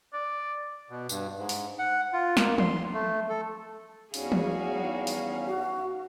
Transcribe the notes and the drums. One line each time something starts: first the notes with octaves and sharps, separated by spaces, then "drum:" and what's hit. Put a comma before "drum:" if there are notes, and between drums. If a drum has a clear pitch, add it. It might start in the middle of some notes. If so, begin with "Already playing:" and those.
D5
B2
G2, drum: tambourine
G#2
drum: open hi-hat
F#5
F4
A#3, drum: snare
C6, drum: tom E3
A3
A4
E2 G3 C#4 D#4 F#4 G#4 F5, drum: open hi-hat
drum: tom E3
drum: open hi-hat
F#4